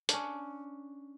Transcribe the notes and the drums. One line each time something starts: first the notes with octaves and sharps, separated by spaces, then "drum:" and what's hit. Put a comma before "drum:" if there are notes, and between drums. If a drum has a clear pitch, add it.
C#4 D4, drum: hi-hat